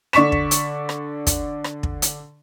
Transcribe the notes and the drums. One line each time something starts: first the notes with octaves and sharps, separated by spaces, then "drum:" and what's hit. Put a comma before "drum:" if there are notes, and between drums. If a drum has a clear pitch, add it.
D3 D5 C#6 B6 E7, drum: rim click
drum: kick
drum: hi-hat
drum: rim click
drum: kick, hi-hat
drum: rim click
drum: kick
drum: hi-hat